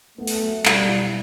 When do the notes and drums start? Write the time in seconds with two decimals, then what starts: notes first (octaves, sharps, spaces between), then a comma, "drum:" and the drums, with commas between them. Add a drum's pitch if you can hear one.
0.18 A3 B3
0.27 drum: open hi-hat
0.42 F#3
0.66 B2 G3, drum: clap
0.88 E4